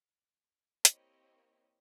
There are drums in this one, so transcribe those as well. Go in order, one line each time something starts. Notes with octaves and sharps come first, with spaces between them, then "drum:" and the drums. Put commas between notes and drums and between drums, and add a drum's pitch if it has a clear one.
A#3 C4 E4 G4 C#5 D#5, drum: hi-hat